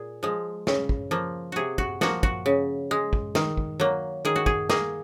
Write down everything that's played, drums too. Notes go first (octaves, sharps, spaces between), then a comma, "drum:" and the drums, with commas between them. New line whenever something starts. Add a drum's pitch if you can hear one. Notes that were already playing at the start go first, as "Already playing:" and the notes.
Already playing: A#2 G#4
F3 G#3
C#3, drum: snare
drum: kick
F3 A#3
C3 F#4 G#4
F#4, drum: kick
F3 A#3 F#4, drum: snare
F#4, drum: kick
C#3
G#3
drum: kick
D#3, drum: snare
drum: kick
F#3 A#3
D#3 G#4
F#4
G#4, drum: kick
A#3 G#4, drum: snare